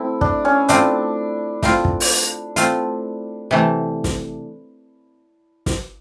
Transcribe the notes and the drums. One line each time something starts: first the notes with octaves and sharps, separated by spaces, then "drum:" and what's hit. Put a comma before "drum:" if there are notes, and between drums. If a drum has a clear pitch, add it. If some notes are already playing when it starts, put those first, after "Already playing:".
Already playing: A3 C4 E4
D4, drum: kick
C#4
A3 C4 D4 F4, drum: hi-hat
A3 C4 F4, drum: snare
drum: kick
drum: open hi-hat
A3 C4 F4, drum: hi-hat
C3 E3 A3
drum: snare
drum: snare